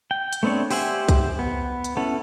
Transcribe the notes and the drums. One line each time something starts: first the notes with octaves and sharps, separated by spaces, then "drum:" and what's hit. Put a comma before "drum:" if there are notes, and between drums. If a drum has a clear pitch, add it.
G5
drum: hi-hat
A3 B3 C4 D4 C#5
G4 C5 E5 F#5 G#5, drum: open hi-hat
drum: kick C2, hi-hat
B3
drum: hi-hat
B3 C#4 E4 A4